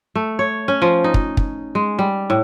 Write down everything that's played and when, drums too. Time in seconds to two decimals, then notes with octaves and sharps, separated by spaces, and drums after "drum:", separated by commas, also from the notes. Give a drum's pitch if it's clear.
0.15 A3
0.39 C#5
0.68 C#4
0.82 F3
1.04 D#4
1.14 drum: kick
1.37 drum: kick
1.75 G#3
1.99 G3
2.30 A2